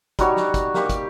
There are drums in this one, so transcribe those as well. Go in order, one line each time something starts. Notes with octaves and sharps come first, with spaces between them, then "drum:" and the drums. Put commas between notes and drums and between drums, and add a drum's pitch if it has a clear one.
G3 D#4 F#4 C#5, drum: kick, hi-hat
drum: snare
drum: kick, hi-hat
A#3 G4 C#6, drum: snare
drum: kick, hi-hat